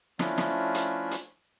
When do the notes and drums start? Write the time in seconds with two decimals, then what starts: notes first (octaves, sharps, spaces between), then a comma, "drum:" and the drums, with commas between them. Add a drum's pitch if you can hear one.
0.19 F3 A3 C#4 D4 E4 F4, drum: snare
0.38 drum: snare
0.75 drum: hi-hat
1.11 drum: hi-hat